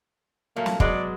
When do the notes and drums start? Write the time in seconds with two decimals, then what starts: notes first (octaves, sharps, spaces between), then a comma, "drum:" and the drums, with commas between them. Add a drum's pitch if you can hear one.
0.56 A#2 F#3 A3 A#3
0.66 drum: snare
0.80 F#3 G#3 B3 D5, drum: kick